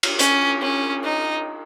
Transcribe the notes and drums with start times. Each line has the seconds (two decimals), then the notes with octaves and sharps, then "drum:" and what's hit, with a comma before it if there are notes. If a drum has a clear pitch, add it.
0.03 drum: cymbal
0.19 C#4, drum: hi-hat
0.62 C#4
1.04 D#4